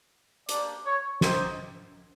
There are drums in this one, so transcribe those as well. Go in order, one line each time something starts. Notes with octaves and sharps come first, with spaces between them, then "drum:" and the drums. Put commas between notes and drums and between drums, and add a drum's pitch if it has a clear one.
A#3 D4 G4 D5, drum: hi-hat
C#5
C4 D#4 G4 C5, drum: snare